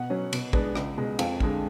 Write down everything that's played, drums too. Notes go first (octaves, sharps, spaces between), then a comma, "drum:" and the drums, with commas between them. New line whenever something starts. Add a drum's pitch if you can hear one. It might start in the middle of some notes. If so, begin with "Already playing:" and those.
Already playing: B2 F#5
F#3 C#4
B2, drum: cymbal
G#3 B3 D4, drum: kick A1
C#2, drum: rim click
B2 G#3
F2 F5, drum: cymbal
D3 G#3, drum: kick A1